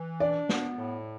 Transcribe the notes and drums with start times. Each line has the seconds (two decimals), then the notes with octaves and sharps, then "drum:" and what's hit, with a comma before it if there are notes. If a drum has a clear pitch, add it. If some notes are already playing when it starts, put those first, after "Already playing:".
Already playing: E3
0.20 D4 D5
0.49 B3, drum: snare
0.78 A2